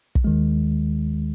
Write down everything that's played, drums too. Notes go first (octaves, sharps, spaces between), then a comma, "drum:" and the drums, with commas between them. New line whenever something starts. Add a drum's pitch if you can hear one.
drum: kick
D#2 D#3 G#3